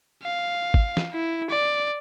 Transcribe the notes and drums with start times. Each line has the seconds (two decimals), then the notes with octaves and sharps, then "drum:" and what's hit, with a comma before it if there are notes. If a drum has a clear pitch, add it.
0.23 F5
0.74 drum: kick G#1
0.97 drum: snare
1.13 E4
1.50 D5